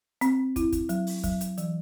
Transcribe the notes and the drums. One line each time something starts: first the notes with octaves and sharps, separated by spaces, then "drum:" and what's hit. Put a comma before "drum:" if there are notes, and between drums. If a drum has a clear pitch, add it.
C4, drum: hi-hat
E4, drum: kick, hi-hat
drum: kick, hi-hat
F#3, drum: hi-hat
drum: open hi-hat
F#3, drum: kick, hi-hat
drum: hi-hat
E3, drum: hi-hat